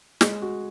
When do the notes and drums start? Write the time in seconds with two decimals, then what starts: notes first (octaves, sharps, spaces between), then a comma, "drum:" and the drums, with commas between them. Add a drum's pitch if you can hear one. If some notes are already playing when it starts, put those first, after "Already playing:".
0.21 G#3, drum: snare
0.42 F#4